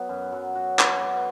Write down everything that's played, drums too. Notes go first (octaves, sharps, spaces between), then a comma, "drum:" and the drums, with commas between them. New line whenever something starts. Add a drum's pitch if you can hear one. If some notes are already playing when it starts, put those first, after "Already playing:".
Already playing: F#3 B3
F#2
F#3
F#4
F#4, drum: clap
B3